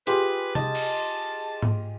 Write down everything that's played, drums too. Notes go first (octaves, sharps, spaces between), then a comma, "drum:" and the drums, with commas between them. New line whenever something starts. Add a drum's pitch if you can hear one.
F4 G4 G#4 B4, drum: hi-hat
D#5 A5, drum: tom C3
drum: cymbal
drum: tom G#2